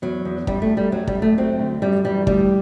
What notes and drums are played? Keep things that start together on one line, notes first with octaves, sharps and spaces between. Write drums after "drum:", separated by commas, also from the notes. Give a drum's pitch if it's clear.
E2 F#3
E2
F#2 G3, drum: kick
A3
F#2
G3
F#2 F#3
G3, drum: kick
F#2
A3
F#3 C4
D2
F#2 G3
E3 G3
D2 G3, drum: kick